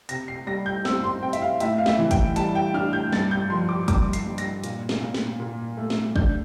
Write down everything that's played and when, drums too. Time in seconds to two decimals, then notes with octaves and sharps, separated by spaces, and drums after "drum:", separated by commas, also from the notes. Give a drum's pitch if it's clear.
0.09 C3 A#6, drum: hi-hat
0.28 C7
0.47 G3 A#6
0.66 G6
0.85 C4 E6, drum: snare
1.04 C6
1.23 C4 G5
1.33 E5, drum: hi-hat
1.42 F5
1.60 A2 E5, drum: hi-hat
1.78 F5
1.86 E5, drum: snare
1.99 E3
2.11 G5, drum: kick, hi-hat
2.36 G3 A5, drum: hi-hat
2.55 G5
2.74 D4 F6
2.93 G6
3.12 G2 A6, drum: snare
3.31 G6
3.50 F3 C6
3.69 D6
3.88 G2 D6, drum: kick, hi-hat
4.13 C7, drum: hi-hat
4.26 G2
4.38 A#6, drum: hi-hat
4.64 A#2, drum: hi-hat
4.89 drum: snare
5.02 A#2
5.14 drum: snare
5.40 A#2
5.77 A3
5.90 drum: snare
6.16 D4 G6, drum: kick